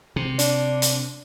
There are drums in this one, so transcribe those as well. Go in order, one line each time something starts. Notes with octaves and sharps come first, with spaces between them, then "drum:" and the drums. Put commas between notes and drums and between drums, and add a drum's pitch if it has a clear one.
C3
D4, drum: hi-hat
drum: hi-hat